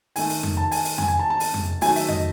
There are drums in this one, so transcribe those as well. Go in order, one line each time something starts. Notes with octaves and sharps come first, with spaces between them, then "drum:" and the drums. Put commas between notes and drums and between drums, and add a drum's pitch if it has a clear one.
D#3 A3 G#5, drum: open hi-hat
drum: open hi-hat
drum: tom F2
A5
G#5, drum: open hi-hat
drum: open hi-hat
G#5, drum: tom F2
G#5
A5
A5
drum: open hi-hat
drum: tom F2
D#3 F#3 A3 G#5, drum: open hi-hat
E5, drum: open hi-hat
D#5, drum: tom F2